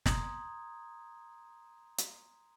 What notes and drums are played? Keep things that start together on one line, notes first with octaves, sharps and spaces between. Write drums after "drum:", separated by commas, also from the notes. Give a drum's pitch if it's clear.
A#5 C6 D#6 G6 G#6, drum: snare
drum: hi-hat